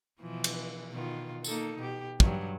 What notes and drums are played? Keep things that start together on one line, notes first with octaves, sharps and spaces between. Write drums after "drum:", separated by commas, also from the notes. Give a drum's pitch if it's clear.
B2 E3 F3
drum: cymbal
B2 D#3 F4
A#3 D#4 A4, drum: tambourine
B2 G4
G2 F#3, drum: kick